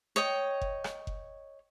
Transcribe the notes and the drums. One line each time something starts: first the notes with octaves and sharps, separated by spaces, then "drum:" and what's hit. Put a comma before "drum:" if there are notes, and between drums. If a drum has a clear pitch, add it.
C#5 D#5 G5
drum: kick F#1
drum: rim click
drum: kick F#1